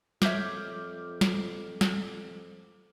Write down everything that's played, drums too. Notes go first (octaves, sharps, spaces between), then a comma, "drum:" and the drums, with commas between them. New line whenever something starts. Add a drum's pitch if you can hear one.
F2 C#5 E5 D6 F6 G6, drum: snare
drum: snare
drum: snare